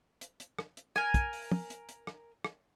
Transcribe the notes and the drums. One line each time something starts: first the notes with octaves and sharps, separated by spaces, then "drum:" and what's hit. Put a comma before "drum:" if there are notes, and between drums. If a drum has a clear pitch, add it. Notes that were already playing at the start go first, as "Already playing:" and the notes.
drum: hi-hat
drum: hi-hat
drum: rim click
drum: hi-hat
A#4 G#5, drum: rim click
drum: kick, hi-hat
drum: open hi-hat
drum: tom
drum: hi-hat
drum: hi-hat
drum: rim click
drum: rim click